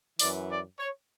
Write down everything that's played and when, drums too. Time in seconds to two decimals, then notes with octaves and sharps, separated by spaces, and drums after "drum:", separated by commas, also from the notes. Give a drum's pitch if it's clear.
0.19 F#2 E3 D5, drum: open hi-hat
0.50 D5
0.79 C#5